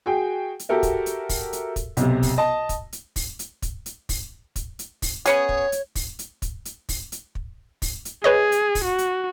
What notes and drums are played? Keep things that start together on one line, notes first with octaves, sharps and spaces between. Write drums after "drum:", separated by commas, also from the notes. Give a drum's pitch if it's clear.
F#4 G#4 G5
drum: hi-hat
F#4 G4 A4 A#4 E5
drum: kick, hi-hat
drum: hi-hat
drum: kick, open hi-hat
drum: hi-hat
drum: kick, hi-hat
B1 C3, drum: hi-hat
drum: kick, open hi-hat
D#5 A5
drum: kick, hi-hat
drum: hi-hat
drum: kick, open hi-hat
drum: hi-hat
drum: kick, hi-hat
drum: hi-hat
drum: kick, open hi-hat
drum: kick, hi-hat
drum: hi-hat
drum: kick, open hi-hat
B3 C#4 G#4 C#5, drum: hi-hat
drum: kick
drum: hi-hat
drum: kick, open hi-hat
drum: hi-hat
drum: kick, hi-hat
drum: hi-hat
drum: kick, open hi-hat
drum: hi-hat
drum: kick
drum: kick, open hi-hat
drum: hi-hat
G#4 B4 C#5 D#5
drum: hi-hat
drum: kick, open hi-hat
F#4
drum: hi-hat